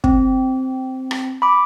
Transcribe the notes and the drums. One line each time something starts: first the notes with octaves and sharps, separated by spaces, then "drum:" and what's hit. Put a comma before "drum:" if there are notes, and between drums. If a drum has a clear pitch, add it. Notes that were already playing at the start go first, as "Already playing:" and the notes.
C4, drum: kick
drum: rim click
B5 D6